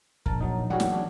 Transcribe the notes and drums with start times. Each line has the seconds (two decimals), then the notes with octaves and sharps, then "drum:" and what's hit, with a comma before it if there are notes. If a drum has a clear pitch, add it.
0.26 A#1 A#4 A5, drum: kick
0.41 F#3 D#4
0.70 E3 F#3 G3 F#4 G#4 A#4 C#5 F#5
0.80 drum: snare
0.91 D4